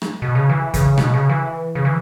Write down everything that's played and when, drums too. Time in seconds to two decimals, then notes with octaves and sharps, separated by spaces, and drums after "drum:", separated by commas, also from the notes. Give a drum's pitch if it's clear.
0.02 drum: rim click
0.22 B2
0.35 C#3
0.49 E3
0.74 C#3, drum: kick, hi-hat
0.98 B2, drum: rim click
1.14 C#3
1.29 E3
1.75 C#3
1.85 E3